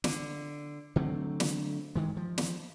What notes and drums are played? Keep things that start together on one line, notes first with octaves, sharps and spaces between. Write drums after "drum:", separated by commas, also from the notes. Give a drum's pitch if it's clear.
D3, drum: snare
D3 F#3 A3 C4
drum: snare
G2 D#3 G#3
F3
drum: snare